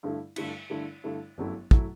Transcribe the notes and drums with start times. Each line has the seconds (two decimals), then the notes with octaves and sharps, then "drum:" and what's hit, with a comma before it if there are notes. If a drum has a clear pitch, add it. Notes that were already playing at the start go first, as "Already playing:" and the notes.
0.03 G2 D3 A3 E4
0.36 G2 D3 A3 E4, drum: cymbal
0.70 G2 D3 A3 E4
1.04 G2 D3 A3 E4
1.38 G1 F#2 F#3 A3 E4
1.71 F#3 A3 E4, drum: kick